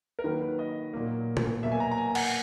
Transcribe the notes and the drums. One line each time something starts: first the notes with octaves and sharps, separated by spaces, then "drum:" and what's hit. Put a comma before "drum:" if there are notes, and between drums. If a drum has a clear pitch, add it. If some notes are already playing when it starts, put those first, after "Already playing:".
A#4
D#3 F#3 A#3 B4
B4
D#5
A#2 F#3 A#3
drum: tom
B2 F#3 A#3 E5
G#5
A#5
A#5
G#5
F#5, drum: cymbal